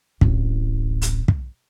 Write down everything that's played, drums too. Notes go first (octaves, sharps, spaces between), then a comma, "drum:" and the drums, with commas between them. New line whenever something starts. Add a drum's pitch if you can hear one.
D1 A1, drum: kick
drum: hi-hat
drum: kick